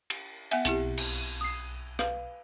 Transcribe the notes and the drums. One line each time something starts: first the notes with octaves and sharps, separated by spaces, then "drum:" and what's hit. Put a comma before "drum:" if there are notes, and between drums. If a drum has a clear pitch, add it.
drum: cymbal
B3 E5 F#5 G#5, drum: cymbal
B1 C4 E4 G4, drum: hi-hat
drum: cymbal
D#6 C7
B4 F5, drum: rim click